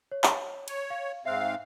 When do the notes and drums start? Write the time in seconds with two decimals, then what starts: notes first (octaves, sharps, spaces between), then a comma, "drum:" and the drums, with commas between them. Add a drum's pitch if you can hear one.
0.12 C#5
0.24 drum: clap
0.68 C#5, drum: cymbal
0.90 F5
1.25 G#2 C4 E5 F5 F#6